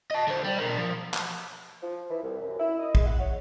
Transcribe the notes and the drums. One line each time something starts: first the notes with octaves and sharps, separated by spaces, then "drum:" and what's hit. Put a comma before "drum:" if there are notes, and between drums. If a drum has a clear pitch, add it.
D#5 A5
D3 C5
G3
D4 A#4
F3
drum: clap
F3
E3
C2
F#2
E4
D#5
G#3, drum: kick
F#5
C#5